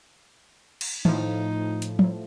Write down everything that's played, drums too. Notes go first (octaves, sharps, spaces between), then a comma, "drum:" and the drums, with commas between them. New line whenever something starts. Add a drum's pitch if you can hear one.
drum: cymbal
A2 F3 D#4, drum: tom D#3
drum: hi-hat
drum: tom F3